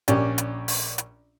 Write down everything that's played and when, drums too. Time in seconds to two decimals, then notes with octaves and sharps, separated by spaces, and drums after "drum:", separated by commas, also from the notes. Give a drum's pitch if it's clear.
0.08 A#1 C#4 G4 D5, drum: hi-hat
0.38 drum: hi-hat
0.68 drum: open hi-hat
0.98 drum: hi-hat